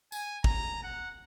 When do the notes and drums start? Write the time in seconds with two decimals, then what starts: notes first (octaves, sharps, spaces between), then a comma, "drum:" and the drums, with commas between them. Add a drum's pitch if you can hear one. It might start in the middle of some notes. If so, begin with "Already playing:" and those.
0.12 G#5, drum: tambourine
0.44 A#5, drum: kick
0.83 F#5